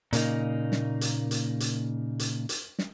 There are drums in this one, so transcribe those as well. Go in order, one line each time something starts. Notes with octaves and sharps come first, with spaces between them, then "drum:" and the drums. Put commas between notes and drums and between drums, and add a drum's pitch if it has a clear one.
A#2 C#3 A#3 D#4, drum: hi-hat
drum: snare
drum: hi-hat
drum: hi-hat
drum: hi-hat
drum: hi-hat
drum: hi-hat
drum: snare